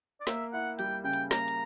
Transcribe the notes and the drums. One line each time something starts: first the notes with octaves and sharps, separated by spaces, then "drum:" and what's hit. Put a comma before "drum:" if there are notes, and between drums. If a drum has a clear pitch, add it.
D5
A#3 E5, drum: snare
E4 F#5
G3 G5, drum: hi-hat
C#3 G5
drum: hi-hat
A#3 A#5, drum: snare
drum: hi-hat